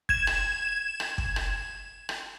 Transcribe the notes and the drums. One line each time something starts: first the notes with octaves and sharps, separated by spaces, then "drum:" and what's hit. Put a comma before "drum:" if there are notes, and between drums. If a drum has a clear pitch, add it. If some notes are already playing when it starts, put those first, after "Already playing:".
G#6 E7, drum: kick
drum: rim click
drum: rim click
drum: kick
drum: rim click
drum: rim click